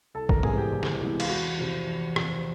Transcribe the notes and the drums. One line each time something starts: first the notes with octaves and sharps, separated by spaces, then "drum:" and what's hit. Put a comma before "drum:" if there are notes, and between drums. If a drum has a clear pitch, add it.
C2 A4 A5
A#4 A#5, drum: kick
C3 E3 G#3 B3 G#4 G#5, drum: tom G#2
G4 G5
C2
drum: snare
C3 E3 G#3 B3
F5, drum: cymbal
E2 F#4 F#5
C3 F3
E2
C3 F3, drum: rim click